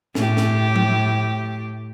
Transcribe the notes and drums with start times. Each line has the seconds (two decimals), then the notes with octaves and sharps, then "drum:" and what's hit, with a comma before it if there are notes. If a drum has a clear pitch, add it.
0.15 A2 G4, drum: snare
0.37 drum: snare
0.76 drum: tom F3